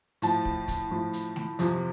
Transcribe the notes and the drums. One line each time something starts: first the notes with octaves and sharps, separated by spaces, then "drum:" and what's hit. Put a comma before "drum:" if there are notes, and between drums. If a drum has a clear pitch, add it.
A2 F3 A5, drum: hi-hat
drum: kick
drum: kick, hi-hat
A2 F3
drum: hi-hat
drum: snare A3
F2 C3 F3, drum: hi-hat